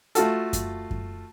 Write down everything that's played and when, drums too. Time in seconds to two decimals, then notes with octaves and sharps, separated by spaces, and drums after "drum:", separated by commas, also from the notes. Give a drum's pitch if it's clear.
0.15 A3 F4 F#4 A4, drum: hi-hat
0.53 drum: kick F#2, hi-hat
0.91 drum: kick F#2